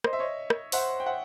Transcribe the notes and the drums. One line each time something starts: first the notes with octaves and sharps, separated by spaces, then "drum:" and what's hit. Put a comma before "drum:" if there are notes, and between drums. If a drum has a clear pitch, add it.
C5 D#5, drum: rim click
E5
C#5 D#5
drum: rim click
C5 E5 F#5, drum: open hi-hat
G5
E5 F#5